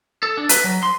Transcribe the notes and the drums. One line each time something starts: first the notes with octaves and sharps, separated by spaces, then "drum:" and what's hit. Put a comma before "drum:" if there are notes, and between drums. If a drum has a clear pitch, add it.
A4
D4
B4, drum: hi-hat
F#3
C6